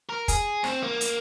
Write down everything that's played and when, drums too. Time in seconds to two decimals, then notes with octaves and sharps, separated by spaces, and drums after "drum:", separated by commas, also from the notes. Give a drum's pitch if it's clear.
0.09 A#4
0.28 G#4, drum: kick, hi-hat
0.64 C4, drum: rim click
0.83 A#3
1.01 drum: hi-hat